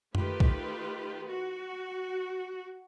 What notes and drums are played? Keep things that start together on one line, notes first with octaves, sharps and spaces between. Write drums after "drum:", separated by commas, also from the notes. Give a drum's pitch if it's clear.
D#3 A3 F4 G4 B4, drum: tom F#2
drum: kick B1
F#4